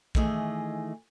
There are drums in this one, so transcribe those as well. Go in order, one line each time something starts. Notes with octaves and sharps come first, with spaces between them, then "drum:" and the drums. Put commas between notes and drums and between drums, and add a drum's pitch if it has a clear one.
D#3 E3 A3 G#4 D#5, drum: kick